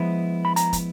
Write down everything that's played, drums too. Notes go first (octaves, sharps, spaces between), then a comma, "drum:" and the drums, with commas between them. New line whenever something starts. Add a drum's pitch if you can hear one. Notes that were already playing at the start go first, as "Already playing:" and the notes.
Already playing: F3 G#3 B3 E4
B5
A#5, drum: hi-hat
drum: kick, hi-hat